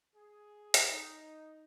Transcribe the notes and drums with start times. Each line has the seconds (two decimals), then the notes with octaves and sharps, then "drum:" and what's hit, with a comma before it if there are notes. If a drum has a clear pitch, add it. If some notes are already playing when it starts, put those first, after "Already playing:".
0.16 G#4
0.74 drum: hi-hat
0.89 D#4